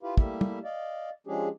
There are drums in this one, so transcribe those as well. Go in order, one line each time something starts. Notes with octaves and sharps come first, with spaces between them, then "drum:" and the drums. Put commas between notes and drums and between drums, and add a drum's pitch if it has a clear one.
E4 F4 G4 B4 F5
G3 A3 A#3 E4 G4 E5, drum: kick
drum: tom
D5 D#5 F5
F3 G#3 C#4 D4 G4 G#4